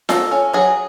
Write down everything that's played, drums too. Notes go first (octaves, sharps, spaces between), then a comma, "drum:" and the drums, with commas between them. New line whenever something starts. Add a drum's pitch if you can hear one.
A#3 A4, drum: snare F4
C#4
F#3 G#4